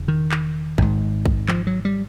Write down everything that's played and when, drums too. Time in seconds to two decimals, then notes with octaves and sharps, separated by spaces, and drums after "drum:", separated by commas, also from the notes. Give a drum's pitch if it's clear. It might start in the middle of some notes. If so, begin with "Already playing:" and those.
Already playing: E1 E2 C#3
0.08 D#3
0.32 drum: clap
0.78 G#1 G#2, drum: kick A#1
1.26 drum: kick A#1
1.48 F3, drum: clap
1.67 F#3
1.85 G3